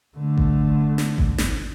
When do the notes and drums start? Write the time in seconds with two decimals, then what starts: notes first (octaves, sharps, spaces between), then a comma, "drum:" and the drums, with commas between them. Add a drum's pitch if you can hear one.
0.17 D3 A3
0.38 drum: kick G#1
0.98 drum: snare
1.18 drum: kick G#1
1.38 drum: snare